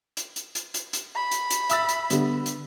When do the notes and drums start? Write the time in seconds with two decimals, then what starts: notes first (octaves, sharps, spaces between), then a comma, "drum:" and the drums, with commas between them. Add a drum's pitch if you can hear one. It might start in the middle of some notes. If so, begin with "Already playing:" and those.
0.17 drum: hi-hat
0.36 drum: hi-hat
0.55 drum: hi-hat
0.74 drum: hi-hat
0.93 drum: hi-hat
1.16 B5
1.31 drum: hi-hat
1.50 drum: hi-hat
1.69 E5 E6 A6, drum: hi-hat
1.89 drum: hi-hat
2.10 D3 G3 B3, drum: hi-hat
2.46 drum: hi-hat